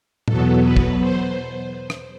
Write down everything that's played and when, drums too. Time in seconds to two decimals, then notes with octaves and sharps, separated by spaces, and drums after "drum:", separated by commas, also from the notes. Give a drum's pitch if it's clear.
0.28 E2 B2 F#3 B3 A4, drum: tom A2
0.64 B4
0.76 drum: kick
1.01 C5
1.90 drum: rim click